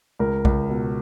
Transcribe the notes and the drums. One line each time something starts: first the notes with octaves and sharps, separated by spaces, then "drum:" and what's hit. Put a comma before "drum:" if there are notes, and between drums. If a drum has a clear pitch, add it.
C#2 A#4
C#2, drum: kick B1
B2